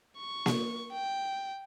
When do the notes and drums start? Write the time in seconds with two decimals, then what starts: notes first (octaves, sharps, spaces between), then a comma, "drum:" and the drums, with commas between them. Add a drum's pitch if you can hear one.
0.18 C#6
0.46 drum: snare A#3
0.92 G5